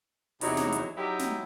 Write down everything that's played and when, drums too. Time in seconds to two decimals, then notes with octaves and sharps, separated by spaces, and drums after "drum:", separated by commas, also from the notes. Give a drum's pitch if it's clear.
0.41 E2 C3 F#3 D#4 E4, drum: open hi-hat
0.57 drum: snare
0.72 drum: hi-hat
0.97 F#3 D#4 E4 G4
1.19 drum: snare